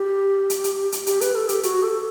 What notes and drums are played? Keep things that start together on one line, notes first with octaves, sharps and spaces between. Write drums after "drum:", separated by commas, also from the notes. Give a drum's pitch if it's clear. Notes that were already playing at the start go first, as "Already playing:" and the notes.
Already playing: G4
drum: hi-hat
drum: hi-hat
drum: hi-hat
G4, drum: hi-hat
B4, drum: hi-hat
A4
G4, drum: hi-hat
F#4, drum: hi-hat
A4